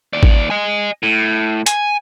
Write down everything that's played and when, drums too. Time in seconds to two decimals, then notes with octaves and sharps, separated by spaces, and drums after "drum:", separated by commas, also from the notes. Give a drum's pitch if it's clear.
0.13 D#2 D5
0.23 drum: kick G#1
0.50 D#5 G#5
1.03 A2
1.66 G#5, drum: hi-hat